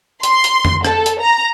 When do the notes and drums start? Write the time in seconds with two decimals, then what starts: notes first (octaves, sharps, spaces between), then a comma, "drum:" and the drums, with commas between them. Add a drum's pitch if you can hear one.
0.23 C6, drum: hi-hat
0.44 drum: hi-hat
0.65 drum: tom F2
0.85 A4, drum: rim click
1.06 drum: hi-hat
1.20 A#5